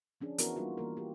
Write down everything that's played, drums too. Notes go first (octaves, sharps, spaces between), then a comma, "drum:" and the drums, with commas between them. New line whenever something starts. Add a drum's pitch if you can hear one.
F3 C#4 D4 G#4
E3 B3 E4 F#4 A#4, drum: hi-hat
G3 A#3 D#4 F4 F#4
E3 A#3 A#4
F4 G4